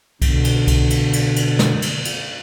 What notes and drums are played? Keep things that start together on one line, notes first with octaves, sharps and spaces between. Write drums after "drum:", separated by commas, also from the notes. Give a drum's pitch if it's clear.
B2 D3, drum: kick C2, cymbal
drum: cymbal
drum: kick C2, cymbal
drum: cymbal
drum: cymbal
drum: cymbal
drum: snare
drum: cymbal
drum: cymbal